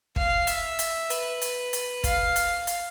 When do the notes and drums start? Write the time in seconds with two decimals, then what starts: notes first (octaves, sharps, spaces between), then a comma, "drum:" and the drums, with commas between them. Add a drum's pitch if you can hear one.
0.16 F5, drum: kick
0.47 E5, drum: hi-hat
0.79 drum: hi-hat
1.10 B4, drum: hi-hat
1.41 drum: hi-hat
1.73 drum: hi-hat
2.04 F5, drum: kick, hi-hat
2.36 drum: hi-hat
2.67 drum: hi-hat